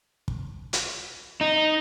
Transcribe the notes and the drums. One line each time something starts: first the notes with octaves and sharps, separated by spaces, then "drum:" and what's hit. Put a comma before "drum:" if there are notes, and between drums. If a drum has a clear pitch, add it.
drum: kick
drum: hi-hat
D#4